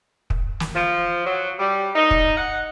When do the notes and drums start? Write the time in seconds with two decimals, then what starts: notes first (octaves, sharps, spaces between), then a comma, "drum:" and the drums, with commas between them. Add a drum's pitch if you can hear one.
0.30 drum: kick
0.60 drum: snare
0.75 F3
1.26 F#3
1.59 G3
1.96 D#4
2.11 drum: kick
2.37 F#5